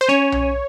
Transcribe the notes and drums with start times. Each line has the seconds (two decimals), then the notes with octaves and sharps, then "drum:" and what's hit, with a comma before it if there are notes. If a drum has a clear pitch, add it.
0.01 C5
0.09 C#4 C#5
0.32 drum: tom B1